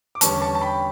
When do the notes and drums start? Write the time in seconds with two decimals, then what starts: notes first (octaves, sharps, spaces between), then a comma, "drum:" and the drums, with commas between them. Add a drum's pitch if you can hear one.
0.15 D6
0.21 E2 D3 G3 C#4 A5 C#6, drum: hi-hat
0.41 A5 C#6
0.55 A5
0.61 G5 B5